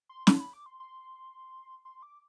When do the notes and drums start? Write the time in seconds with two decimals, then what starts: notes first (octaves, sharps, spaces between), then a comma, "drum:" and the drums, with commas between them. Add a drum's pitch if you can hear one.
0.09 C6
0.27 C6, drum: snare
0.40 B5
0.53 D6
0.66 C6
0.80 C6
1.85 C6
2.03 D6